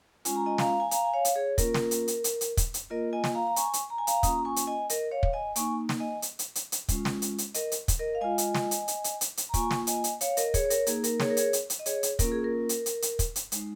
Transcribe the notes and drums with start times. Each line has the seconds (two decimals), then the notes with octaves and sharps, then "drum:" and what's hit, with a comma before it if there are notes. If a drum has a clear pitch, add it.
0.25 G#3 C#4 F4 G#5, drum: hi-hat
0.36 A#5
0.46 D#5 G#5
0.58 F5 A#5, drum: snare
0.80 G#5
0.91 F5 A#5, drum: hi-hat
1.05 G#5
1.14 C#5 F5
1.25 drum: hi-hat
1.36 G#4 C#5
1.58 A#3 C#4 F4 A#4, drum: kick, hi-hat
1.74 drum: snare
1.91 drum: hi-hat
2.08 drum: hi-hat
2.24 drum: hi-hat
2.41 drum: hi-hat
2.57 drum: kick, hi-hat
2.74 drum: hi-hat
2.90 A#3 F4 A#4 D#5
3.13 D#5 G#5
3.24 drum: snare
3.35 F5 A#5
3.47 A#5
3.56 G#5 C#6, drum: hi-hat
3.73 drum: hi-hat
3.90 A#5
3.98 G#5
4.07 F5 A#5, drum: hi-hat
4.23 A#3 C#4 F4 A#5 D#6, drum: kick, hi-hat
4.45 G#5 C#6
4.56 drum: hi-hat
4.67 D#5 G#5
4.90 A#4 D#5, drum: hi-hat
5.11 C#5 F5
5.23 drum: kick
5.33 D#5 G#5
5.56 A#3 D#4 G#5 C#6, drum: hi-hat
5.89 drum: snare
6.00 D#5 G#5
6.22 drum: hi-hat
6.39 drum: hi-hat
6.55 drum: hi-hat
6.72 drum: hi-hat
6.89 G#3 C#4 F4, drum: kick, hi-hat
7.05 drum: snare
7.22 drum: hi-hat
7.38 drum: hi-hat
7.54 A#4 D#5, drum: hi-hat
7.72 drum: hi-hat
7.88 drum: kick, hi-hat
7.99 A#4 D#5
8.15 F5
8.21 G#3 F4 D#5 G#5
8.38 drum: hi-hat
8.55 drum: snare
8.71 drum: hi-hat
8.88 drum: hi-hat
9.04 drum: hi-hat
9.21 drum: hi-hat
9.37 drum: hi-hat
9.49 A#5
9.54 A#3 F4 G#5 C#6, drum: kick, hi-hat
9.71 drum: snare
9.87 D#5 G#5, drum: hi-hat
10.04 drum: hi-hat
10.21 C#5 F5, drum: hi-hat
10.37 A#4 D#5, drum: hi-hat
10.54 G#4 C#5, drum: kick, hi-hat
10.66 C#5
10.70 A#4, drum: hi-hat
10.87 A#3 D#4 G#4, drum: hi-hat
11.04 A#4, drum: hi-hat
11.20 G#4 C#5, drum: snare
11.30 A#4
11.37 G#4 C#5, drum: hi-hat
11.53 drum: hi-hat
11.70 drum: hi-hat
11.79 D#5
11.86 G#4 C#5, drum: hi-hat
12.03 drum: hi-hat
12.19 A#3 C#4 F4 A#4, drum: kick, hi-hat
12.32 G#4
12.44 A#4
12.69 drum: hi-hat
12.86 drum: hi-hat
13.02 drum: hi-hat
13.19 drum: kick, hi-hat
13.36 drum: hi-hat
13.52 G#3 D#4, drum: hi-hat